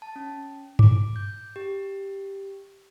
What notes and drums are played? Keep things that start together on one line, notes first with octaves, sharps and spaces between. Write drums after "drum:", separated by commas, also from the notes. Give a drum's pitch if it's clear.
A5
C#4
D6, drum: tom G2
G6
G4